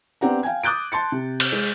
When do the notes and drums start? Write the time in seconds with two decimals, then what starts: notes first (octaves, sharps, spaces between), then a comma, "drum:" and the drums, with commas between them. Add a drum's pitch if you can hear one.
0.21 B3 C4 D4 G4 F#5 A#5
0.43 F5 G5 G#5 G#6
0.64 D6 D#6 F#6 G6 A6 D7
0.92 A5 C6 A6 C#7
1.12 C3
1.40 drum: cymbal
1.52 G#3